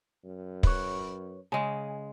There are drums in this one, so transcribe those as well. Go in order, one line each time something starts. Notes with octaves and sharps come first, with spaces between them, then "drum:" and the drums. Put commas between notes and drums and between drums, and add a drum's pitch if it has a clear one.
F#2
B4 C#5, drum: kick
C#3 G#3 G#5